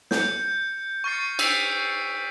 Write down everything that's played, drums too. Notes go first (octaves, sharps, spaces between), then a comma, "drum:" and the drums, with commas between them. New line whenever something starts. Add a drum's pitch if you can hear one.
G6 C#7, drum: snare
C#6 F6 A6 C7 C#7
D#6 E6 G6 B6 C7 D7, drum: cymbal
C#7